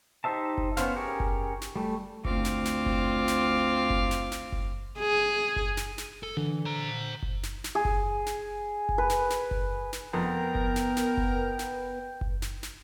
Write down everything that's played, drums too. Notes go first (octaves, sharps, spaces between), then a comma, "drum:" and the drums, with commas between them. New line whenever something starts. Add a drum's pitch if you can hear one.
D#4 G4 C5 E5 A5
drum: kick F#1
B3 C#4 C5 F5, drum: snare
C#4 G4 G#4 A#4 C#5
drum: kick F#1
drum: snare
G3 A3
D2 C4 F4 F5 D6, drum: kick F#1
drum: snare
drum: snare
drum: kick F#1
drum: snare
drum: kick F#1
drum: snare
drum: snare
drum: kick F#1
G#4
drum: kick F#1
drum: snare
drum: snare
A4
D3 E3
C5 A#5
drum: kick F#1
drum: snare
drum: snare
G#4
drum: kick F#1
drum: snare
drum: kick F#1
B4
drum: snare
drum: snare
drum: kick F#1
drum: snare
F2 B3 A#4 G5
drum: kick F#1
drum: snare
drum: snare
drum: kick F#1
drum: snare
drum: kick F#1
drum: snare
drum: snare